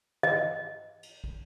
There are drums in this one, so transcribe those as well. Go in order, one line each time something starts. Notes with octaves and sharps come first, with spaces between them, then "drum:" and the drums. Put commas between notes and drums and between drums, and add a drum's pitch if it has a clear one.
D#5, drum: tom
drum: cymbal
drum: kick